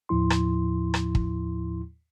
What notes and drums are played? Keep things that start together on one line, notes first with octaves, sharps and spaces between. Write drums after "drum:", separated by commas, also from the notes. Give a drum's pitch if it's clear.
D#2 A2 F3 E4 C6
drum: rim click
drum: rim click
drum: kick